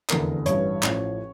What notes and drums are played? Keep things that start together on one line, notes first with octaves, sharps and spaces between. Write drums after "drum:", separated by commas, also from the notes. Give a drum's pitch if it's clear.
F1 E2 D3 A#4, drum: clap
A1 G2 E3 C#5, drum: hi-hat
A1 A2 F3, drum: clap